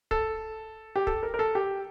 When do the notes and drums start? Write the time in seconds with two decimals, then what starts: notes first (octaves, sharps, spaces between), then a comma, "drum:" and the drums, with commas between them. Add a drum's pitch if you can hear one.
0.11 A4, drum: kick
0.96 G4
1.07 A4, drum: kick
1.23 A#4
1.34 A#4
1.39 A4
1.55 G4